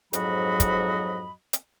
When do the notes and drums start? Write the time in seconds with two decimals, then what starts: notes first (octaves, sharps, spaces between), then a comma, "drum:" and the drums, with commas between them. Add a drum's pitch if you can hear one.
0.13 F2 G#2 F#3 F#4 D#5 B5, drum: hi-hat
0.60 drum: kick, hi-hat
1.53 drum: hi-hat